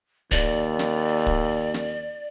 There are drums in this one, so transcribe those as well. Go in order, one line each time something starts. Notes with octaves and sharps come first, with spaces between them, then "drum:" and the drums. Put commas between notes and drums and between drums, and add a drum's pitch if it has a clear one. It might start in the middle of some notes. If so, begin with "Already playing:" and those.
D#2 D5, drum: kick
drum: snare
drum: kick
drum: snare